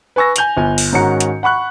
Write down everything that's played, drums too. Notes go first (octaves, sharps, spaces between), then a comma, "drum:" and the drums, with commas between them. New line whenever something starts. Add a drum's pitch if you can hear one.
B4 G#5 C#6 E6 A#6
G#5 G6 F7 F#7, drum: hi-hat
G1 G#5
drum: open hi-hat
G#2 D#3 C#4 F#4 A#5 C#7
drum: hi-hat
F#5 B5 C#6 F#6